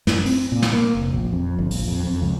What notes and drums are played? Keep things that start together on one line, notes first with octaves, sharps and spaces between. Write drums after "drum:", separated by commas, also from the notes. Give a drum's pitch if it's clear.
F#2, drum: snare
C4, drum: open hi-hat
A#2
drum: snare
A#3
F1
A#1
F2
G1
A#1, drum: open hi-hat
F2
F2
C#2